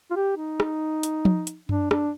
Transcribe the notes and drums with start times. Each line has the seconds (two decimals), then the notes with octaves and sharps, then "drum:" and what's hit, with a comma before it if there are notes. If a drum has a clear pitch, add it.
0.11 F4
0.16 G4
0.37 D#4
0.60 drum: rim click
1.03 drum: hi-hat
1.25 drum: tom F3
1.47 drum: hi-hat
1.69 D4, drum: tom F#2
1.91 D4, drum: rim click